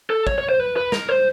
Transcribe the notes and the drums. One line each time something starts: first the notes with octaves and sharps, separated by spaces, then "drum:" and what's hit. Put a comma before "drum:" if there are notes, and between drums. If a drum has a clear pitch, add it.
A4
C#5, drum: kick
C#5
C5
B4
B4
A#4, drum: snare
C5